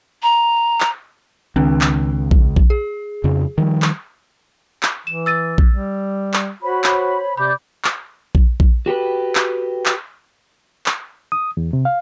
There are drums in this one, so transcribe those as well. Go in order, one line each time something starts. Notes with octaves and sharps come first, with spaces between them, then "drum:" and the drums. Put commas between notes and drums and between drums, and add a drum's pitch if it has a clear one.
A#5
drum: clap
C#2 D#3 C4 D4
drum: clap
drum: kick A#1
drum: kick A#1
G#4
F2 C#3
D#3 F3 G3
drum: clap
drum: clap
E3 E7
E6 A6 D#7
drum: kick A#1
G3
drum: clap
F#4 C5 C#5 B5
drum: clap
C3 D5 B5 D6 G6
drum: clap
drum: kick A#1
drum: kick A#1
F#4 G4 A4 B4
drum: clap
drum: clap
drum: clap
D#6
E2
C3
F5